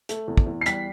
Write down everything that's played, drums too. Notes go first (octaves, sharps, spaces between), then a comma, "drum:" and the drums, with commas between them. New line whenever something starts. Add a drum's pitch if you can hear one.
A3, drum: hi-hat
E2
drum: kick
E2
C7
G3 B6, drum: hi-hat